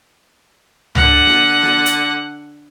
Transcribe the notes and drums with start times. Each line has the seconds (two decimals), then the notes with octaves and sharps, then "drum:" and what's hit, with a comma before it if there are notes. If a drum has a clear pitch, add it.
0.95 D3 F#5, drum: tom C#2
1.27 drum: snare
1.63 drum: snare
1.86 drum: hi-hat